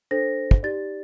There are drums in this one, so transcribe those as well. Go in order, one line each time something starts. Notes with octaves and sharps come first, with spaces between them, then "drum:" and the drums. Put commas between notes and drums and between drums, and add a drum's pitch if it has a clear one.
D4 A4 C5 A#6
drum: kick
D#4 G4 D5 A6